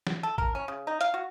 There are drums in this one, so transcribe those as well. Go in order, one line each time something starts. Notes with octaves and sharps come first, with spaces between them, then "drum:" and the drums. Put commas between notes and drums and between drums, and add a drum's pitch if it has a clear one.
drum: snare E3
A4
A#4, drum: kick A1
C#4
C#3
D#4
F5, drum: hi-hat
F#4